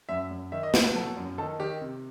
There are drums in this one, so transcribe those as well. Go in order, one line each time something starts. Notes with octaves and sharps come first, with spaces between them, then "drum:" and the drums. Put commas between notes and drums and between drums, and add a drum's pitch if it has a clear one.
F#2 E5
F#2
D#3 E5
D#5
A3 C5, drum: snare
B4
F#3 A4
F#2
D#3 A4
D#3 G4
C3